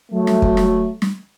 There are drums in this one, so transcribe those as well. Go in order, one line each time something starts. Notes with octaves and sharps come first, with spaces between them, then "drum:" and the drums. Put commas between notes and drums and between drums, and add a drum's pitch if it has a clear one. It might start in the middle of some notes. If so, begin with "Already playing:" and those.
F#3 A3
drum: snare
drum: kick
drum: snare
drum: snare